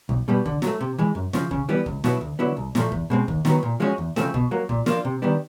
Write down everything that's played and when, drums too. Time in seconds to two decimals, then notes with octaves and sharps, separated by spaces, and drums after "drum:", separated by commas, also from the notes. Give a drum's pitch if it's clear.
0.09 B1, drum: kick
0.28 B2 G3 B3
0.45 D3, drum: kick
0.62 F#3 A3, drum: snare
0.80 C3
0.98 E3 G#3
1.15 F#2
1.33 C#3 F3, drum: snare
1.51 C#3, drum: kick
1.69 E3 G3 B3
1.86 C#2, drum: kick
2.04 B2 F#3 B3 E4, drum: snare
2.21 D2
2.39 D3 F#3 B3 E4
2.57 C2
2.75 A#2 F3 A3, drum: snare
2.92 E2, drum: kick
3.10 B2 G#3 C4
3.28 D#2, drum: kick
3.45 D#3 F#3 B3, drum: snare
3.63 A#2
3.80 F3 G#3 C#4 F#4
3.98 E2
4.16 C#3 F3 A3 C4, drum: snare
4.34 B2, drum: kick
4.51 F#3 A#3
4.69 A#2, drum: kick
4.86 F3 A#3 D4 F4, drum: snare
5.05 C3
5.22 D#3 G3 B3 D4